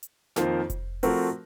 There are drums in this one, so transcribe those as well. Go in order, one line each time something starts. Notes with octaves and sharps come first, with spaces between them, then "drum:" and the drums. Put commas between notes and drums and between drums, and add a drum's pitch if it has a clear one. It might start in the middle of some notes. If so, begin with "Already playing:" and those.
drum: hi-hat
F2 D#3 A#3 F4 C5, drum: snare
drum: kick F1, hi-hat
F3 A3 C4 F#4 A#4, drum: open hi-hat